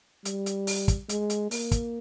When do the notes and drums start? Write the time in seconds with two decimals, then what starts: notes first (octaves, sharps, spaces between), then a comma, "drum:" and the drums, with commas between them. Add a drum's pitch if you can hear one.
0.25 G3, drum: hi-hat
0.46 drum: hi-hat
0.67 drum: open hi-hat
0.88 drum: kick, hi-hat
1.09 G#3, drum: hi-hat
1.30 drum: hi-hat
1.51 A#3, drum: open hi-hat
1.71 drum: kick, hi-hat